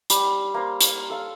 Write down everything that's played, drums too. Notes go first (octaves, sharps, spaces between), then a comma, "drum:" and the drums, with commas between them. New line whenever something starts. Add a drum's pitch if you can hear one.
G3, drum: hi-hat
A#3 C5
drum: hi-hat
A4 F5